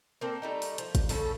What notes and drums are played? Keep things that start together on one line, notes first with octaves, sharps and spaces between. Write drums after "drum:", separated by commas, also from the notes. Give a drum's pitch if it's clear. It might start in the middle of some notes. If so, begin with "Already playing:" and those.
A#3 C4 A4
G3 A3 D#4
drum: open hi-hat
F3, drum: hi-hat
drum: kick, hi-hat
A2 C#3 F3 A4, drum: open hi-hat